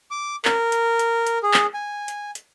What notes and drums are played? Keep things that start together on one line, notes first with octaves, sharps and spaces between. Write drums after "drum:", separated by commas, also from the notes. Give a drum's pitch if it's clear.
D6
A#4, drum: clap
drum: hi-hat
drum: hi-hat
drum: hi-hat
G#4
drum: clap
G#5
drum: hi-hat
drum: hi-hat